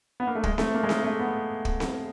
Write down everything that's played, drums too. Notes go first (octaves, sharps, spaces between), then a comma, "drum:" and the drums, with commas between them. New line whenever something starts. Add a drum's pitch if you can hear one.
B3
A#3
A3
G#3, drum: kick
A3, drum: snare C4
A#3
G#3
A3, drum: snare C4
A3
B3
drum: kick
drum: snare C4